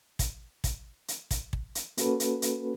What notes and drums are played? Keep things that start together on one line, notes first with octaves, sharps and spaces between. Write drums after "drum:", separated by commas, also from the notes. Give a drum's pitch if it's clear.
drum: kick, hi-hat
drum: kick, hi-hat
drum: hi-hat
drum: kick, hi-hat
drum: kick
drum: hi-hat
A#3 C#4 F#4 A4 B4, drum: hi-hat
drum: hi-hat
drum: hi-hat